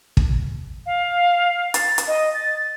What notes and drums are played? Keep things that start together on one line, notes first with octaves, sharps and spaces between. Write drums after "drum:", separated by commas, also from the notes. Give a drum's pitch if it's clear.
drum: kick
F5
A6, drum: hi-hat
drum: hi-hat
D#5
A6